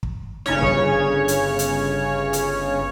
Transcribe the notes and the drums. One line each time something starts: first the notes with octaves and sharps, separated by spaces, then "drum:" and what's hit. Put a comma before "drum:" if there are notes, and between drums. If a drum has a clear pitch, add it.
drum: kick
G1 C#3 C#4 C#5, drum: snare
drum: kick
drum: hi-hat
drum: hi-hat
drum: hi-hat